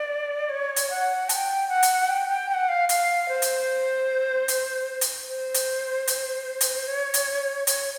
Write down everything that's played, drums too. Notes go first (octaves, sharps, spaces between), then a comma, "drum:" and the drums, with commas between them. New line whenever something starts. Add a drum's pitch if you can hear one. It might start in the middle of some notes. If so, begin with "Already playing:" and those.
Already playing: D5
C#5
drum: hi-hat
F#5
A5, drum: hi-hat
G5
F#5
drum: hi-hat
G5
G5
G5
F#5
F5
F5, drum: hi-hat
C5
drum: hi-hat
drum: hi-hat
drum: hi-hat
C5
drum: hi-hat
drum: hi-hat
drum: hi-hat
C#5
drum: hi-hat
C#5, drum: hi-hat